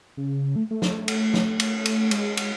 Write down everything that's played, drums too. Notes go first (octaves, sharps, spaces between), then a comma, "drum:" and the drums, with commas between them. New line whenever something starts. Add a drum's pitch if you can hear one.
C#3
A3
A3
drum: snare
drum: cymbal
drum: snare
drum: cymbal
drum: cymbal
G#3, drum: cymbal
drum: cymbal